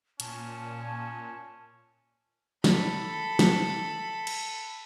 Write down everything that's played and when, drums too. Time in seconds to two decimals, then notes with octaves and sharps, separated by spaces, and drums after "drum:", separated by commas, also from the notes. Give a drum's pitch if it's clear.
0.20 A#2 C#4 A5, drum: hi-hat
2.64 A4 B5, drum: snare
3.39 drum: snare
4.27 drum: cymbal